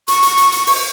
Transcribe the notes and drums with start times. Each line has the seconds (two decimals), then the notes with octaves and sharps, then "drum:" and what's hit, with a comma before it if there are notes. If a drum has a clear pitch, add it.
0.08 C#6, drum: hi-hat
0.23 drum: hi-hat
0.37 drum: hi-hat
0.52 drum: hi-hat
0.67 drum: open hi-hat